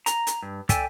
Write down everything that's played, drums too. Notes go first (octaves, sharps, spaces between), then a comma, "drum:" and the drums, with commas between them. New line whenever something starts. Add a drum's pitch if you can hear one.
A#5, drum: hi-hat
drum: hi-hat
G2
A4 D5 E5 G5 G#5, drum: kick, hi-hat